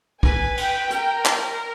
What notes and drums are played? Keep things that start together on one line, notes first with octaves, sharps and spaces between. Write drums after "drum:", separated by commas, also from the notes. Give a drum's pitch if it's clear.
B4 G#5, drum: kick
G5, drum: cymbal
A#4, drum: hi-hat
drum: clap